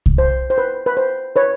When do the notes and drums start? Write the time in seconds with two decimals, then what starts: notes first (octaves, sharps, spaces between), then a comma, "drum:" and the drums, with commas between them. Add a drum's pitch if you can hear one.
0.06 drum: kick C2
0.18 C5
0.50 C5
0.58 B4
0.86 B4
0.97 C5
1.36 B4 C#5